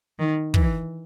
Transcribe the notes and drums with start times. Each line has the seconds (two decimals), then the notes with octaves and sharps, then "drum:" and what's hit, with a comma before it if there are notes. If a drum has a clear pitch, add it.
0.19 D#3
0.54 E3, drum: kick